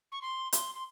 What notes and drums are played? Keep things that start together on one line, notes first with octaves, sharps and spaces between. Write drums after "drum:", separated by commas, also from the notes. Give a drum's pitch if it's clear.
C#6
C6
C6, drum: hi-hat
C6